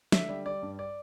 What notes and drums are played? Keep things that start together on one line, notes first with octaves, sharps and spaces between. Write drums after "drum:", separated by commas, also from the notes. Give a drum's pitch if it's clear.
D3 E5, drum: snare
G3
G3 D5
G2
D5